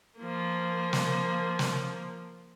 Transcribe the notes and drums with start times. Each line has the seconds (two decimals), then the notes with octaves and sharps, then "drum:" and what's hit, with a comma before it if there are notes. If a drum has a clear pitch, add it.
0.18 F3 A#3
0.93 drum: snare
1.59 drum: snare